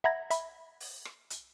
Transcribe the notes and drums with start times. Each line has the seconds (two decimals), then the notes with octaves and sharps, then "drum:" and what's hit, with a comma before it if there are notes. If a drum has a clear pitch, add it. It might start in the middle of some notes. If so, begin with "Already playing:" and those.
0.04 E5 F#5 A#5 B5 G#6 A#6
0.30 E5 B5, drum: hi-hat
0.80 drum: open hi-hat
1.05 drum: rim click
1.30 drum: hi-hat